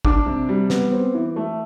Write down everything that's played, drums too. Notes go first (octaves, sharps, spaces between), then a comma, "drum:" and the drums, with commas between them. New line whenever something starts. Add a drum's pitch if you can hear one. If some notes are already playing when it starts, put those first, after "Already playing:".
D4 D6, drum: kick
C3
G3
B3, drum: snare
C4
E3
A3